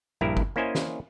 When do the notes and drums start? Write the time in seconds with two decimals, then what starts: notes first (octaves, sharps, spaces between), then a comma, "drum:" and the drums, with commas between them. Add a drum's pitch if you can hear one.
0.21 A#1 G2 E4 A#4
0.37 drum: kick G1
0.56 A#3 C#4 E4 C5 D#5 G#5
0.75 drum: snare